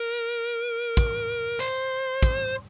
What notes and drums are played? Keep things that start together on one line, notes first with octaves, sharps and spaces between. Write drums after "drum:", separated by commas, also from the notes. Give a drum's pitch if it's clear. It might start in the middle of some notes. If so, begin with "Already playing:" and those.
Already playing: A#4
drum: kick, hi-hat
C5, drum: hi-hat
drum: kick, hi-hat